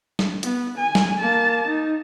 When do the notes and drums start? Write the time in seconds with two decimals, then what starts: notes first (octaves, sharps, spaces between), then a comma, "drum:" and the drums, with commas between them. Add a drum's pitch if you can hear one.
0.19 drum: snare
0.43 B3, drum: hi-hat
0.78 G#5
0.95 drum: snare
1.20 A#3 A5
1.68 D#4